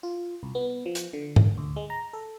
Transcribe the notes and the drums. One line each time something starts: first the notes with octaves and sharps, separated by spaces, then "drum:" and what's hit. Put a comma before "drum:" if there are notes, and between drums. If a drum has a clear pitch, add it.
F4
C2
B3
F3
drum: hi-hat
D3
drum: tom G#2
D2
G#3
A#5
A4